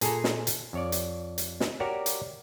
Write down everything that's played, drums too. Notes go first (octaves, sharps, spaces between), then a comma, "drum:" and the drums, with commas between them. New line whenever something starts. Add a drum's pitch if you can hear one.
A#2 G#4 A4 G#5 A#5, drum: hi-hat
drum: snare
drum: hi-hat
F2 C#5 D5
drum: hi-hat
drum: hi-hat
drum: snare
F#4 G4 A#4 C#5 D5 F#5
drum: hi-hat